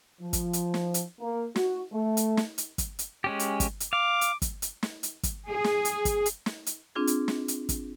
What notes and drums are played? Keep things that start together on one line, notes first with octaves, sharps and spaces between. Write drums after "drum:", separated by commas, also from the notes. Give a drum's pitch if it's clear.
F3
drum: kick, hi-hat
drum: hi-hat
drum: snare
drum: hi-hat
A#3
F#4, drum: snare
A3
drum: hi-hat
drum: snare
drum: hi-hat
drum: kick, hi-hat
drum: hi-hat
G#3 C#4 G4
drum: hi-hat
drum: kick, hi-hat
drum: hi-hat
F5 D6
drum: hi-hat
drum: kick, hi-hat
drum: hi-hat
drum: snare
drum: hi-hat
drum: kick, hi-hat
G#4
drum: snare
drum: hi-hat
drum: kick, hi-hat
drum: hi-hat
drum: snare
drum: hi-hat
C4 D4 F4 G#4
drum: hi-hat
drum: snare
drum: hi-hat
drum: kick, hi-hat